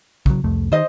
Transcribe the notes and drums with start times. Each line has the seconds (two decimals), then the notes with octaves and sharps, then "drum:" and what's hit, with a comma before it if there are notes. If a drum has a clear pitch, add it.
0.26 C#3 F#3, drum: kick
0.44 C2 F2 A3
0.72 D#3 C5 D#5